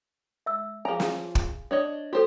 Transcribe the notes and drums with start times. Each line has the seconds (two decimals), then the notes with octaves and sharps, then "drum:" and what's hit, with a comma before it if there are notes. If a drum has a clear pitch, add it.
0.46 E5 E6
0.85 F3 G#4 F5 G#5 A#5
1.00 drum: snare
1.35 drum: kick
1.71 D4 C#5 D#5
2.13 F#4 G4 A4 C5